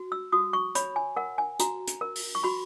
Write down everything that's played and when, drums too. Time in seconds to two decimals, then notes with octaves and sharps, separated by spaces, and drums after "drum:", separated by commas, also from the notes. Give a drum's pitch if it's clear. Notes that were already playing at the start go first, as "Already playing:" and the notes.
Already playing: F#4
0.12 E6
0.32 F#4 D#6
0.53 C#6
0.75 C#5 B5, drum: hi-hat
0.96 G#5
1.16 A#4 F#5
1.38 G#5
1.60 F#4 A#5, drum: hi-hat
1.88 drum: hi-hat
2.01 A#4
2.16 drum: open hi-hat
2.35 C#6
2.43 F#4 B5